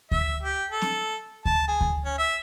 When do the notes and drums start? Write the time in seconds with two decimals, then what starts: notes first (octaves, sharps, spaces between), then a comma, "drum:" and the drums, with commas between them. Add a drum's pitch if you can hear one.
0.11 E5, drum: kick D2
0.43 G4
0.71 A4
0.82 drum: snare C4
1.45 A5, drum: kick D2
1.68 G#4
1.81 drum: kick D2
2.05 C#4
2.18 E5